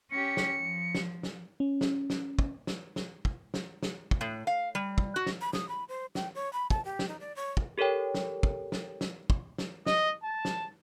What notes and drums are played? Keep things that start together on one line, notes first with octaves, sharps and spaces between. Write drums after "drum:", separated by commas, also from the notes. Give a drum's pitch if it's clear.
C#4 G4 C#7
drum: snare
F3
drum: snare
drum: snare
C#4
drum: snare
drum: snare
drum: kick
drum: snare
drum: snare
drum: kick
drum: snare
drum: snare
drum: kick
A2
F5
G3
drum: kick
F#4
drum: snare
B5
D#6, drum: snare
B5
C5
G5, drum: snare
C#5
B5
A5, drum: kick
G4
drum: snare
D#4
D5
C#5
drum: kick
G4 A4 A#4 C#5 G5
drum: snare
drum: kick
drum: snare
drum: snare
drum: kick
drum: snare
D#5, drum: snare
A5
drum: snare